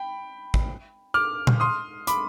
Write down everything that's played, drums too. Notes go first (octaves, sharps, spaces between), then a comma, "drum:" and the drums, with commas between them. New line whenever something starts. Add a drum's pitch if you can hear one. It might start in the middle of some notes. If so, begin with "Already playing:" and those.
Already playing: G5 B5
drum: kick
D6 F6
drum: tom A#2
C6 D#6
B5 D6, drum: hi-hat